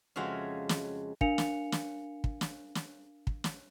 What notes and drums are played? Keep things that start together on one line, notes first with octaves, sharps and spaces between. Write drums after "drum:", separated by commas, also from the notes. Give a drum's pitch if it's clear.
F2 C#3 G#3 F#4 E5 F5
drum: snare
D4 A#4 F5 G#5 C#7 F7, drum: kick
drum: snare
drum: snare
drum: kick
drum: snare
drum: snare
drum: kick
drum: snare